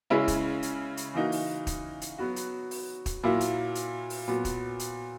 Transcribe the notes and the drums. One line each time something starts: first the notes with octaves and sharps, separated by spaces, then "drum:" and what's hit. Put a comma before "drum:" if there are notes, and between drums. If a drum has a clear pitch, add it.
C#3 G#3 C#4 E4
drum: kick, hi-hat
drum: hi-hat
drum: hi-hat
E3 A#3 D#4 F#4
drum: open hi-hat
drum: kick, hi-hat
drum: hi-hat
F#3 B3 F#4
drum: hi-hat
drum: open hi-hat
drum: kick, hi-hat
A#2 F#3 A#3 E4
drum: hi-hat
drum: hi-hat
drum: open hi-hat
A#2 F#3 B3
drum: kick, hi-hat
drum: hi-hat